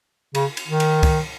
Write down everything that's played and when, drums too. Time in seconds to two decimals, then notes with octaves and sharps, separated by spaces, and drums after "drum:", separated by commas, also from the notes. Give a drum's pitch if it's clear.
0.35 C#3, drum: cymbal
0.57 drum: cymbal
0.68 D#3
0.80 drum: cymbal
1.03 drum: kick C#2, cymbal